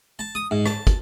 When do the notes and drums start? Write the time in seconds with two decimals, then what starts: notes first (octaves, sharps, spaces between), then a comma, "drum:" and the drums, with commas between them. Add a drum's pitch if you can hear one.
0.19 A5
0.35 D#6
0.51 G#2
0.66 A5, drum: rim click
0.87 drum: kick, hi-hat